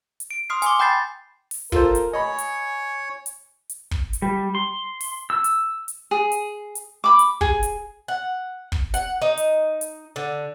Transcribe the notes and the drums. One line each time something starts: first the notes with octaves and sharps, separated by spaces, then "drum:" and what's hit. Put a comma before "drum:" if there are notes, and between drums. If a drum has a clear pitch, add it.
drum: hi-hat
D7
C6 D#6 F6 C7
G#5 C6 D6, drum: hi-hat
G5 B5 G6 A6 C7
drum: open hi-hat
F4 A4 A#4 C5, drum: kick
drum: hi-hat
C#5 D#5 G#5 B5
drum: hi-hat
drum: hi-hat
drum: hi-hat
drum: kick
drum: hi-hat
G3
C6
drum: open hi-hat
E6
drum: hi-hat
drum: hi-hat
G#4
drum: hi-hat
drum: hi-hat
B5 D6
drum: hi-hat
G#4, drum: kick
drum: hi-hat
F#5
drum: kick
F#5, drum: hi-hat
D#4
drum: hi-hat
drum: hi-hat
D3